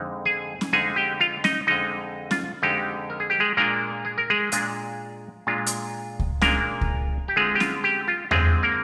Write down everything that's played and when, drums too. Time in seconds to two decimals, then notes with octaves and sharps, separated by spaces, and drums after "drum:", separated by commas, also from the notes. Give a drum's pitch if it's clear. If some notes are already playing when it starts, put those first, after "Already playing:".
Already playing: F2 D3 G#3 D#4
0.25 G#4 G#5
0.61 drum: snare C#4
0.73 F2 D3 G#3 D#4 G#4 G#5
0.96 G4 G5
1.20 F4 F5
1.44 D#4 D#5, drum: snare C#4
1.67 F2 D3 G#3 D#4 D#5
2.31 F4, drum: snare C#4
2.62 F2 D3 G#3 D#4 G4
3.10 A#4
3.20 G#4
3.30 G4
3.40 G#3 G#4
3.57 A#2 G#3 A#3 D4 F4 A#4
4.05 G#4
4.18 A#4
4.30 G#3 G#4
4.52 A#2 G#3 D4 F4, drum: hi-hat
5.47 A#2 G#3 D4 F4
5.66 drum: hi-hat
6.19 drum: kick C#2
6.41 A#2 G#3 A#3 D4 F4 A#4, drum: snare C#4
6.81 drum: kick C#2
7.28 G4
7.36 D3 G#3 C4 F4 G#4
7.55 G4
7.60 F4, drum: snare C#4
7.84 G4
8.08 F4
8.31 D3 G#3 C4 F4 G#4, drum: tom E2
8.63 A#3 A#4